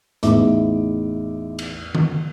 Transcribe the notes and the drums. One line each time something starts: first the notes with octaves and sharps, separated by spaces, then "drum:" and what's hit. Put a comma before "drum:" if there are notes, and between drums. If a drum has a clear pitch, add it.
A1 E2 D#4 E5 D6, drum: hi-hat
drum: cymbal
drum: tom D#3